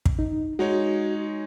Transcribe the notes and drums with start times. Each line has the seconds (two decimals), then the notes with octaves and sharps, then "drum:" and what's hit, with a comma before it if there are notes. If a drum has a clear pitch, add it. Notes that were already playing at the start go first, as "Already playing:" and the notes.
0.06 drum: kick
0.19 D#4
0.59 G#3 D#4 F#4 C#5